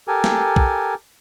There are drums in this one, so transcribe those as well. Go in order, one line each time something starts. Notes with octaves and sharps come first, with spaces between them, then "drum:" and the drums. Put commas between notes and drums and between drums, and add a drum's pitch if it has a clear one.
G4 A4 A#4 G#5
drum: snare A3
drum: kick B1